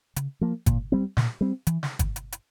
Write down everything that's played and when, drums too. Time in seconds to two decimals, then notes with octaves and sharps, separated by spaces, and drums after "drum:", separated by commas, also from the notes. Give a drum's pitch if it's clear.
0.16 C#3, drum: hi-hat
0.41 F3 A#3
0.66 A#2, drum: kick, hi-hat
0.92 G3 C4
1.17 A#2, drum: snare
1.41 G3 C4
1.67 E3, drum: hi-hat
1.83 drum: snare
1.99 drum: kick, hi-hat
2.16 drum: hi-hat
2.32 drum: hi-hat